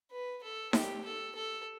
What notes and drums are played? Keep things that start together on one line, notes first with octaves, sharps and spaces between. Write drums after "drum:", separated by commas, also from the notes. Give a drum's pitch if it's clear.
B4
A4
G4, drum: snare D#4
A4
A4